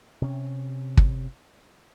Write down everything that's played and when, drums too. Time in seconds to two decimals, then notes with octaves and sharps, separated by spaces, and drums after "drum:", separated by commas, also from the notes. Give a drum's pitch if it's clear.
0.22 C3 C#4
0.97 drum: kick